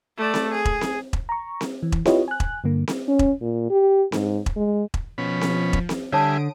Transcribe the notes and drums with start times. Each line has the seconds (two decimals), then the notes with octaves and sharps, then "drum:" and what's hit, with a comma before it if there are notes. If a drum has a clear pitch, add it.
0.17 A3 D5
0.34 drum: snare C4
0.52 G#4
0.65 drum: kick E1
0.81 drum: snare C4
1.13 drum: kick E1
1.29 A#5 C#6
1.61 drum: snare C4
1.83 E3
1.92 drum: kick E1
2.05 E4 F4 G4 B4 C#5 D#5, drum: snare C4
2.28 G#5 F#6
2.40 drum: kick E1
2.64 G2 D3 A#3
2.88 drum: snare C4
3.08 C#4
3.19 drum: kick E1
3.41 A#2
3.70 G4
4.12 G#2, drum: snare C4
4.46 drum: kick E1
4.56 G#3
4.94 drum: kick E1
5.18 B2 F3 C#4 B5
5.41 drum: snare C4
5.73 drum: kick E1
5.89 drum: snare C4
6.13 D3 G3 C#5 E5 G#5 A5 D#6 D7